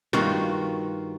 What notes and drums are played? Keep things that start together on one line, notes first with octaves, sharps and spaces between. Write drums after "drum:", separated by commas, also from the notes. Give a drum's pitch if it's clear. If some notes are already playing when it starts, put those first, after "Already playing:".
G2 D#3 F4 F#4, drum: snare